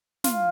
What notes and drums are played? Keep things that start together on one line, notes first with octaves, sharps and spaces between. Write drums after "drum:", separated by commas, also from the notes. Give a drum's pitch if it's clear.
F4, drum: snare